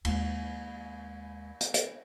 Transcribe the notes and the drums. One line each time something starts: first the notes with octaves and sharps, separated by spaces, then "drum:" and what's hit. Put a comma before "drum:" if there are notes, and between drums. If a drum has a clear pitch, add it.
D#2 G#3, drum: cymbal
drum: hi-hat
drum: hi-hat